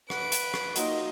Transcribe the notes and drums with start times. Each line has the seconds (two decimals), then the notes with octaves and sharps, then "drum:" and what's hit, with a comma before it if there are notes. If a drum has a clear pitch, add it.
0.10 B4 F#5 D7, drum: rim click
0.32 drum: hi-hat
0.54 drum: rim click
0.76 F#3 A#3 D#4 F4 D#5, drum: hi-hat